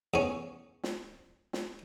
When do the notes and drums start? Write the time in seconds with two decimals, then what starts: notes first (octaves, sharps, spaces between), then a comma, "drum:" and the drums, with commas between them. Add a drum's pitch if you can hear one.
0.14 E2 C#4
0.84 drum: snare
1.53 drum: snare